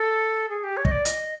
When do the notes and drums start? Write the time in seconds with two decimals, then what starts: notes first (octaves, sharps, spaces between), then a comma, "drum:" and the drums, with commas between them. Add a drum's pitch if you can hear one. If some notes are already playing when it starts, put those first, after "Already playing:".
Already playing: A4
0.49 G#4
0.64 G4
0.77 C#5
0.85 D#5, drum: kick
0.91 D5
1.05 D#5, drum: hi-hat